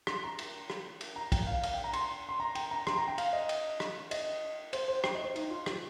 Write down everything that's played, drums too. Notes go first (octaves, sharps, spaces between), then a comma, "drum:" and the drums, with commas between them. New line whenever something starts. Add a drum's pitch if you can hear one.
C6, drum: rim click
A#5
drum: cymbal
drum: rim click
drum: cymbal
A#5
G5, drum: kick, cymbal
F5
F5, drum: cymbal
G5
A#5
C6, drum: cymbal
C6
A#5
G5, drum: cymbal
A#5
C6, drum: rim click
A#5
G5
F5, drum: cymbal
D#5
drum: cymbal
drum: rim click
D#5, drum: cymbal
C5, drum: cymbal
C5
G5, drum: rim click
D#5
C5
D#4, drum: cymbal
F4
G4, drum: rim click